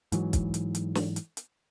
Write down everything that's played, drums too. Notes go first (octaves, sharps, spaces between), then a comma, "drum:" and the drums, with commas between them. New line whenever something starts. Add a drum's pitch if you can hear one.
G#2 E3 F#3, drum: hi-hat
drum: kick, hi-hat
drum: hi-hat
drum: hi-hat
drum: snare
drum: hi-hat
drum: hi-hat